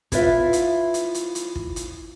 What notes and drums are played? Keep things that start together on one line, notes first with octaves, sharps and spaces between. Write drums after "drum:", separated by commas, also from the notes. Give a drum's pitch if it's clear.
E4 F4 B4 C#5 E5 F5, drum: kick, hi-hat
drum: hi-hat
drum: hi-hat
drum: hi-hat
drum: hi-hat
drum: kick
drum: hi-hat